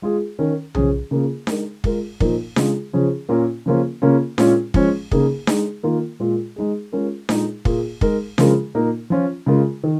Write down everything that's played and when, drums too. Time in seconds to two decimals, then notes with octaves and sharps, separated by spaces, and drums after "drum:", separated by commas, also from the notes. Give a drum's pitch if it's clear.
0.02 G#3 F4 G#4
0.39 D#3 C#4 A#4
0.75 C#3 F3 C#4 G#4, drum: tom B1
1.11 C#3 A#3 F4 G#4
1.47 G#3 D#4 A#4, drum: snare D4
1.84 G#3 F4 A#4, drum: kick
2.20 A#2 F3 A#3 D#4 A#4, drum: kick
2.56 C#3 G#3 F4 G#4, drum: snare D4
2.93 C#3 F3 C#4 G#4
3.29 A#2 A#3 C#4 F4 A#4
3.66 C#3 F3 A#3 C#4 F4
4.02 C#3 A#3 C#4 F4
4.38 A#2 G#3 C#4 F4, drum: snare D4
4.74 F3 G#3 C#4, drum: kick
5.11 C#3 A#3 D#4 G#4, drum: kick
5.47 G#3 D#4 G#4, drum: snare D4
5.83 D#3 A#3 F4
6.20 A#2 G#3 F4
6.56 G#3 D#4 G#4
6.92 G#3 C#4 F4 A#4
7.29 A#2 G#3 D#4 G#4, drum: snare D4
7.65 A#2 A#3 F4 G#4, drum: kick
8.01 G#3 D#4 A#4, drum: kick
8.38 C#3 F3 G#3 F4 A#4, drum: snare D4
8.75 A#2 A#3 D#4 A#4
9.10 F3 C#4 F4
9.46 C#3 G#3 F4 A#4
9.84 D#3